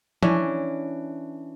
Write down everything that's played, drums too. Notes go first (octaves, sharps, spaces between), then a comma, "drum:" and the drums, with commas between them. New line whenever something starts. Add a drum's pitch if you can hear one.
E3 C#4 D4, drum: tom F3